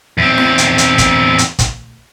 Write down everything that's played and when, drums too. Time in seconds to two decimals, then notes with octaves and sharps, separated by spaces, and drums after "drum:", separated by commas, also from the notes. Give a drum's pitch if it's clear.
0.18 E2 C4
0.38 drum: snare
0.58 drum: hi-hat
0.78 drum: hi-hat
0.98 drum: kick, hi-hat
1.38 drum: hi-hat
1.59 drum: kick, hi-hat